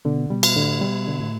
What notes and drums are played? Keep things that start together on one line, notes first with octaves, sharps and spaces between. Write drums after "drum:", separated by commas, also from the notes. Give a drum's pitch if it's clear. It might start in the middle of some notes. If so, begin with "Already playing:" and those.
B2 D3
B2 G3
drum: cymbal
A2 D3
B2 G3
D3
A2